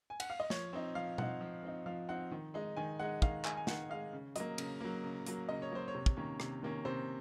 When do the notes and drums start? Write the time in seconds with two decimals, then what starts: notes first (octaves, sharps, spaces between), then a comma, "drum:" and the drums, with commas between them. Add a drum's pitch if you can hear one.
0.10 G#5
0.20 F#5, drum: cymbal
0.30 F5
0.40 D#5
0.50 F3 C#5, drum: snare
0.73 C4 D#4
0.95 F3 F5
1.18 C4 D#4 F#5, drum: tom B2
1.41 F3
1.63 C4 D#4
1.86 F3 F5
2.09 C4 D#4 F#5
2.31 D#3
2.54 G#3 D#4
2.77 D#3 G#5
3.00 G#3 D#4 F#5
3.22 D#3 F5, drum: kick
3.45 G#3 D#4 G#5, drum: clap
3.57 G#5
3.67 D#3 F#5, drum: snare
3.90 G#3 D#4 F5
4.13 C#3
4.36 F#3 A#3 D#5, drum: hi-hat
4.58 C#3, drum: cymbal
4.81 F#3 A#3
5.04 C#3
5.26 F#3 A#3, drum: hi-hat
5.49 C#3 D#5
5.62 C#5
5.72 F#3 A#3 C5
5.88 C#5
5.95 C3
6.06 drum: kick
6.17 D#3 A#3 C#4
6.40 C3, drum: rim click
6.63 D#3 A#3 C#4
6.85 C3 C5